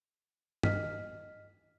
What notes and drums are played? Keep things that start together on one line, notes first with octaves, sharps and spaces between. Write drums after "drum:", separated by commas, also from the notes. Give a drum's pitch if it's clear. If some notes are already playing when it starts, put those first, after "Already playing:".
D#5 F6 B6, drum: tom